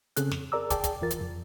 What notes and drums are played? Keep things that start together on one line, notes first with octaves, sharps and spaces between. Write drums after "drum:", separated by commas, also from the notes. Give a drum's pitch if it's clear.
C#3 C4 C#4 G#4 A4 F#6, drum: hi-hat
F2, drum: snare
G#4 A#4 D5 A#5 D6 E6
G#4 D5 G5 A5 D6, drum: kick, hi-hat
drum: kick, hi-hat
E2 E3 F4 A#4 A6
drum: hi-hat
F2